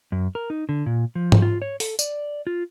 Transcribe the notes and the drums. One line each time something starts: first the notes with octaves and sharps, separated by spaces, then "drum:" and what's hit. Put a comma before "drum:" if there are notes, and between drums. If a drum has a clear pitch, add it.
F#2
A#4
D#4
D3
A#2
F3
drum: tom G#2
F4
C#5
A4, drum: open hi-hat
D5, drum: tambourine
F4